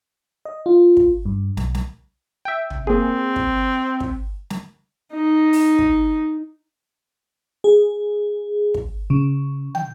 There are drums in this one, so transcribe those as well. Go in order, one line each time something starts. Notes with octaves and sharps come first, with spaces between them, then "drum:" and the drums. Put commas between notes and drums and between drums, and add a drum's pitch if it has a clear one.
D#5
F4
drum: kick
G2
B1, drum: snare
drum: snare
E5 G5
drum: tom
A#3 C4 G#4
drum: kick
drum: kick
drum: snare
D#4
drum: open hi-hat
drum: kick
G#4
drum: kick
C#3
G5, drum: tom